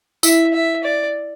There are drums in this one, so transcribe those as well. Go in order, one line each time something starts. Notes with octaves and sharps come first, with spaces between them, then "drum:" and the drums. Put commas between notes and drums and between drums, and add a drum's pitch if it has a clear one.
E4 E5, drum: tambourine
E5
D5